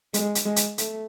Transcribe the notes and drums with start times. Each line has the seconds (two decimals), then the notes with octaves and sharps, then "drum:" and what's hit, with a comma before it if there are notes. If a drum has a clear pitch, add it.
0.14 G#3, drum: hi-hat
0.35 drum: hi-hat
0.45 G#3
0.56 drum: hi-hat
0.78 A3, drum: hi-hat